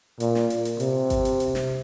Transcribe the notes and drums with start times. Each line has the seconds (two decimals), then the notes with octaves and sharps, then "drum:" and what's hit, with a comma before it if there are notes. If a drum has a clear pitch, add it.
0.20 A#2, drum: hi-hat
0.35 drum: snare
0.50 drum: hi-hat
0.65 drum: hi-hat
0.80 C3, drum: hi-hat
1.10 drum: kick G#1, hi-hat
1.25 drum: hi-hat
1.40 drum: hi-hat
1.55 drum: snare